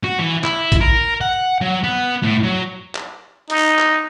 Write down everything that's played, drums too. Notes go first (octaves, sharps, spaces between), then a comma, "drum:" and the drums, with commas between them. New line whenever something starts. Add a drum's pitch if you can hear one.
F#4
E3
E4, drum: clap
drum: kick, hi-hat
A#4
F#5
F#3
B3
A2
F#3
drum: clap
D#4, drum: hi-hat
drum: clap